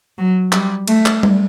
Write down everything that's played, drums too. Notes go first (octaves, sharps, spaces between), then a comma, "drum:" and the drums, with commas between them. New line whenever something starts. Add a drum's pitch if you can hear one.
F#3
G3, drum: clap
A3, drum: cymbal
drum: clap
drum: tom G3